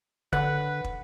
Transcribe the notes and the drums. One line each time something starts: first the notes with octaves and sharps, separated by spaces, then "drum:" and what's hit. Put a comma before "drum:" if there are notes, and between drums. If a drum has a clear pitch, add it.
D3 B4 F#5 F#6, drum: kick
drum: kick